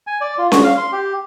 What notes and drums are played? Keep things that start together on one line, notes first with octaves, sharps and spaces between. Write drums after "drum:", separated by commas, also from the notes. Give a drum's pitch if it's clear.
G#5
D5
F4
F#4, drum: snare C#4
F5
C6
G4